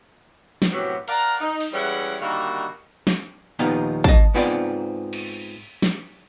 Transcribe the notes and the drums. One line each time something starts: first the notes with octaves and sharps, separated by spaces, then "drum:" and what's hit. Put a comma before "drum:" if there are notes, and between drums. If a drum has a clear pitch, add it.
drum: snare
A2 C3 F#3 B3 F#4 G4
A#4 D5 F5 F#5 A5 A#5, drum: cymbal
D#4
drum: cymbal
E3 G3 G#3 C#4 E4 F#5
D3 D#3 G3 A#3 D#4 F#4
drum: snare
D#2 A#2 F3 B3 D#4 F5
D#5 A5, drum: kick
G#2 B3 C4 F4 G#4 D5
drum: cymbal
drum: snare